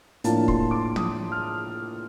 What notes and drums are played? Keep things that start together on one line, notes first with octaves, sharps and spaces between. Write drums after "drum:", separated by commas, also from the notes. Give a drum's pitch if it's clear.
A2 F3 A#3 D4 F4 A5, drum: hi-hat
C6, drum: kick
D6
D#6, drum: tom
F6